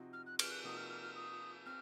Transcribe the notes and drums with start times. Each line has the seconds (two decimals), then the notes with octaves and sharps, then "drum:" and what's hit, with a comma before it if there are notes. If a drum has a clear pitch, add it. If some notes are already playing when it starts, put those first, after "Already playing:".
Already playing: C3 F3 C4 D#4 F#4
0.13 F6
0.26 F#6
0.39 F6, drum: cymbal
0.51 F#6
0.64 C3 F3 A#3 D#4 F#4 D#6
0.77 F6
0.89 F6
1.02 F6
1.15 D#6
1.66 C4 F6